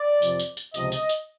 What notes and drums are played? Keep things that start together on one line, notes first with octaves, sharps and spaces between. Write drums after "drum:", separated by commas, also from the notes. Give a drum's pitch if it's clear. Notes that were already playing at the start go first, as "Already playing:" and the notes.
Already playing: D5
F2 C3 F3, drum: tambourine
drum: tambourine
drum: tambourine
C#2 C3 F3 D#5, drum: tambourine
drum: tambourine
drum: tambourine